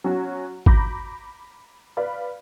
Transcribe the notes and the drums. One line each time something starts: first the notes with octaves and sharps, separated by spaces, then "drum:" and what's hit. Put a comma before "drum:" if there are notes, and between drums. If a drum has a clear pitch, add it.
F#3 C#4 F#4
A#5 B5 D6 G6 A#6, drum: kick G#1
B4 D5 F5 B5